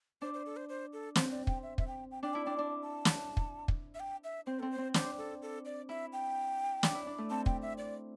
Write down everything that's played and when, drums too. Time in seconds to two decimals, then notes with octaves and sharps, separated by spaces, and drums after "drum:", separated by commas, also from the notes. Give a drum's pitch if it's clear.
0.22 D4 C5
0.34 C5
0.46 A4
0.57 C5
0.69 C5
0.93 A4
1.16 C4 C5, drum: snare
1.31 D5
1.47 G5, drum: kick
1.63 E5
1.78 E5, drum: kick
1.88 G5
2.11 G5
2.23 D4 G5
2.34 E4 A5
2.46 D4 G5
2.57 D4 A5
2.82 A5
3.05 drum: snare
3.37 drum: kick
3.68 drum: kick
3.95 E5
4.00 G5
4.24 E5
4.46 C4 C5
4.59 C4 A4
4.71 C5
4.78 C4
4.94 D4 C5, drum: snare
5.18 A4
5.42 A4
5.65 D5
5.89 E4 E5
6.13 G5
6.83 D4, drum: snare
6.95 E4
7.07 D4
7.18 A3
7.30 C4 A5
7.46 G5, drum: kick
7.62 E5
7.78 D5